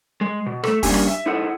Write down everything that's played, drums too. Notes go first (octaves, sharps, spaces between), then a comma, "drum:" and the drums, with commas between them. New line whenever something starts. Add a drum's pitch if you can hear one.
G#3
B2
A3 A4, drum: rim click
G3 A#3 C#4 D4 G4 G#5, drum: kick, open hi-hat
drum: rim click
E5
D#4 E4 G#4 A4 F#5